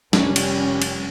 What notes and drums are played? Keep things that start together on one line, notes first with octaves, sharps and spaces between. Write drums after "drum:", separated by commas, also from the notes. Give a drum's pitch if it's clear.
F1 G3 C#4, drum: snare
drum: cymbal
drum: cymbal